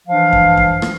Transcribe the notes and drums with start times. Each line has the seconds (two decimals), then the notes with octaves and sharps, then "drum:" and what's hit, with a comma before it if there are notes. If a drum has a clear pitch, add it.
0.08 E3 F3 D4 F5
0.33 drum: kick F#2
0.57 drum: kick F#2
0.82 drum: rim click